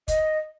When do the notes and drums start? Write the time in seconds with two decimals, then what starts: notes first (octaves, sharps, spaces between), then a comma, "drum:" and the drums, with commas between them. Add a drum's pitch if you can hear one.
0.08 D#5, drum: kick, hi-hat